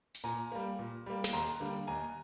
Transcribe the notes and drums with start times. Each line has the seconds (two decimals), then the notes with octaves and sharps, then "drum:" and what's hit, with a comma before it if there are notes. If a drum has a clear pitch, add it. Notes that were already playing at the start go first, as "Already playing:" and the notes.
0.14 drum: hi-hat
0.24 A#2 G#5 A#5
0.52 G3 A#3
0.79 A#2
1.06 G3 A#3
1.24 drum: snare
1.33 D#2 A#5 C6
1.60 D3 G3 A#3
1.87 D#2 G#5 A#5